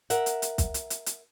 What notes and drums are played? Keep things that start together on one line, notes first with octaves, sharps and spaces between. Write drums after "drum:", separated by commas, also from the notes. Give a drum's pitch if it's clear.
A#4 E5 F#5, drum: hi-hat
drum: hi-hat
drum: hi-hat
drum: kick, hi-hat
drum: hi-hat
drum: hi-hat
drum: hi-hat